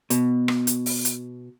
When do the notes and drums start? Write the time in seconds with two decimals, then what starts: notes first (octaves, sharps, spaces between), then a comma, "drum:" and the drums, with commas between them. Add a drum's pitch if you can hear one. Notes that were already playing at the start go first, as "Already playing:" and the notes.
0.10 B2, drum: hi-hat
0.48 drum: rim click
0.67 drum: hi-hat
0.86 drum: open hi-hat
1.05 drum: hi-hat